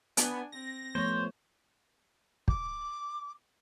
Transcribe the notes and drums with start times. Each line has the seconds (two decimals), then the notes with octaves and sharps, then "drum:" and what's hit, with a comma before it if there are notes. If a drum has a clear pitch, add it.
0.17 B3 D4 G#5, drum: hi-hat
0.52 C4 A#6
0.95 F3 A3 B3 C5 C#5
2.48 D6, drum: kick